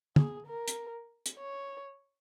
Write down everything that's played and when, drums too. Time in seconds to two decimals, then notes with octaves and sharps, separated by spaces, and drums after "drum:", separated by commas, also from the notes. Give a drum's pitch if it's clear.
0.16 G#4, drum: tom
0.47 A#4
0.68 drum: hi-hat
1.26 drum: hi-hat
1.38 C#5